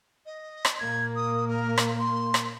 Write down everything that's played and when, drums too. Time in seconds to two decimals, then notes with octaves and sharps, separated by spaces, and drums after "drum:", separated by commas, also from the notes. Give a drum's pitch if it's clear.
0.25 D#5
0.65 drum: rim click
0.79 A#2 A#3 G#6
1.15 D#6
1.47 A#4
1.78 drum: rim click
1.99 C6
2.34 drum: rim click